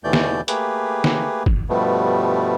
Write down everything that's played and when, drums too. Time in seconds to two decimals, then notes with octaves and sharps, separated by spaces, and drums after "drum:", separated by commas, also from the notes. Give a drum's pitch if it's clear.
0.04 D#2 B2 E3 A3 D5 G6
0.13 drum: snare
0.48 A3 A#3 G4 G#4 B4, drum: hi-hat
1.04 drum: snare
1.46 drum: kick F#1
1.69 G2 B2 F3 G3 A3 B3